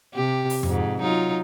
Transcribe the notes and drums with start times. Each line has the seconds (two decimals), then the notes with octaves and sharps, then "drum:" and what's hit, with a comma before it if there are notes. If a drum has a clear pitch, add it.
0.14 C3 G4
0.50 drum: open hi-hat
0.63 F2 G#2, drum: tom F2
1.01 F#3 D#4 F4